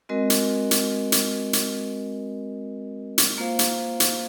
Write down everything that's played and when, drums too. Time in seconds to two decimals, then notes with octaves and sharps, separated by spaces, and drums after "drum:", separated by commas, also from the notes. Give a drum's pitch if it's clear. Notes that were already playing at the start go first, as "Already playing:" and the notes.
0.09 G#3 C4 F#4 A#4 D#5
0.30 drum: hi-hat
0.71 drum: hi-hat
1.12 drum: hi-hat
1.53 drum: hi-hat
3.18 drum: hi-hat
3.38 A#3 F4 C5 F5
3.59 drum: hi-hat
4.00 drum: hi-hat